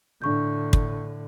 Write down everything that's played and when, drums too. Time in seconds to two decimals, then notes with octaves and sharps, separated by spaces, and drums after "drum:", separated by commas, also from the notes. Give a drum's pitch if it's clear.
0.22 A2 D3 D4 C#6 G6
0.73 drum: kick